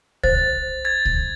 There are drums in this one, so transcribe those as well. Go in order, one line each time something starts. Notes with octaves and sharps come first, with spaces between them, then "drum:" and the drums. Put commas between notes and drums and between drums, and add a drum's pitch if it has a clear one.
C5 A6, drum: kick C2
G#6 A6
drum: kick C2